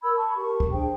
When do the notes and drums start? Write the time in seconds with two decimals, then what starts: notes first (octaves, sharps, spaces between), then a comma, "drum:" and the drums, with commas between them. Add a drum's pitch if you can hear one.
0.02 A#4 B5 E6 G#6
0.16 A5 B5 C#6
0.36 G4 A#4 C#6
0.60 drum: kick
0.71 D4 G#4 C5 G5